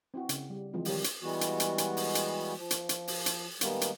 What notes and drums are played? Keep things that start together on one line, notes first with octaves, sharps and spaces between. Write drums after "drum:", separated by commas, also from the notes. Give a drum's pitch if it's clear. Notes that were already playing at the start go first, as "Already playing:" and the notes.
C4 E4 F#4
C#3, drum: hi-hat
G3
E3 F3 G#3 C4 F4
D#3 G3 G4 A#4 C#5, drum: open hi-hat
drum: hi-hat
E3 G3 G#3 B3 F#4
drum: hi-hat
drum: hi-hat
drum: hi-hat
drum: open hi-hat
drum: hi-hat
F3
drum: hi-hat
drum: hi-hat
drum: open hi-hat
drum: hi-hat
B2 D#3 G3 G#3 A#3 B3, drum: hi-hat
drum: hi-hat